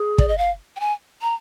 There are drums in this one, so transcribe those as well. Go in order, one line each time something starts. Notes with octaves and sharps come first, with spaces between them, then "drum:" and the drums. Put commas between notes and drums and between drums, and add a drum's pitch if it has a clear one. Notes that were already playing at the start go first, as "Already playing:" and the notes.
Already playing: G#4
D5, drum: kick
D#5
F5
G5
G#5
A#5